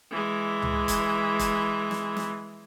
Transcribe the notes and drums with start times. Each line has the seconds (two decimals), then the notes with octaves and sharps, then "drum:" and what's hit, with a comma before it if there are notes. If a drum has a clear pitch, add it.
0.11 E3 G#3
0.62 drum: tom C#2
0.88 drum: kick, hi-hat
1.39 drum: kick, hi-hat
1.91 drum: snare
2.17 drum: snare